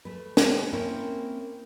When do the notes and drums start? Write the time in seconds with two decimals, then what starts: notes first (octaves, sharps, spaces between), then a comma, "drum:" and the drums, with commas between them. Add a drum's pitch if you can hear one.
0.05 A3 B4
0.37 drum: snare
0.73 A#3 C4 C#4 E4 A#4 C#5